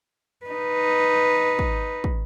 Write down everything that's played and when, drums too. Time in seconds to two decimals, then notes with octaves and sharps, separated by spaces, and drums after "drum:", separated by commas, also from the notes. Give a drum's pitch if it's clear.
0.46 D#4 B4
1.59 drum: kick
2.04 drum: kick